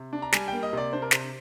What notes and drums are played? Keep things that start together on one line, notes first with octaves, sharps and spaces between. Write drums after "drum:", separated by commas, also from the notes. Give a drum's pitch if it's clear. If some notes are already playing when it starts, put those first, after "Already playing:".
Already playing: C3
D4
A#5
G3 G#5, drum: snare
A#3 G5
D#5
C3 D5
D4 C5
A#4
C3 C5, drum: snare